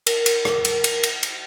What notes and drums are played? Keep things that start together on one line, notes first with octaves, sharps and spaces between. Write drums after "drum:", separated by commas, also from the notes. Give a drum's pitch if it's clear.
A#4, drum: cymbal
drum: cymbal
drum: rim click
drum: cymbal
drum: cymbal
drum: cymbal
drum: cymbal